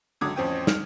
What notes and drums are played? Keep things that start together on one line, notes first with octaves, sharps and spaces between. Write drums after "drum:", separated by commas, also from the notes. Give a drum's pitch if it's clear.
C#2 D3 F#3 D6 D#6 G#6
A1 F2 C4 C#4 G5
F6, drum: snare